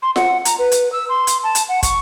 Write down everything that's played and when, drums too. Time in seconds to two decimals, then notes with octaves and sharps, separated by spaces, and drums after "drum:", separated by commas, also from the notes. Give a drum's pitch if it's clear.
0.02 C6
0.16 F#5, drum: snare F4
0.45 A#5, drum: hi-hat
0.59 B4
0.72 drum: hi-hat
0.92 E6
1.09 C6
1.27 drum: hi-hat
1.44 A5
1.55 drum: hi-hat
1.69 F#5
1.83 C#6, drum: kick, hi-hat